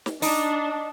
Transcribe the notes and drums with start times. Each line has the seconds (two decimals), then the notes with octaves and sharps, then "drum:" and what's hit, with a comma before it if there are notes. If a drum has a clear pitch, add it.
0.06 drum: snare
0.22 D4 D#4, drum: open hi-hat